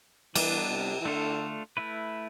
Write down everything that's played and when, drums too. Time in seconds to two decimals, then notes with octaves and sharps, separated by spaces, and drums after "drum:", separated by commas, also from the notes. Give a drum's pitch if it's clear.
0.35 E3 G3 B3 D4, drum: cymbal
0.71 C3
1.00 E3
1.05 D3 A3 D4 F4 A4
1.77 A3 E4 B4